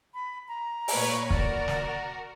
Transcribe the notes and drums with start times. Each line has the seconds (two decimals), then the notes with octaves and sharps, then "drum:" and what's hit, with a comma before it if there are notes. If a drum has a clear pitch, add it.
0.14 B5
0.48 A#5
0.88 A#2 B4 C#5, drum: open hi-hat
1.30 F#4 A#4 D5, drum: kick
1.68 drum: snare